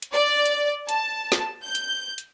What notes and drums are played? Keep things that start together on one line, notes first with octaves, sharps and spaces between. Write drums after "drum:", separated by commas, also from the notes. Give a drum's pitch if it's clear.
drum: hi-hat
D5
drum: hi-hat
A5, drum: hi-hat
drum: snare
G6
drum: hi-hat
drum: hi-hat